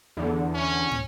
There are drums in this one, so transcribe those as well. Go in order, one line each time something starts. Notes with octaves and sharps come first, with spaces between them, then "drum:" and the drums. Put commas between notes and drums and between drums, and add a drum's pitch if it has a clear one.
E2 D3
C#4
drum: tom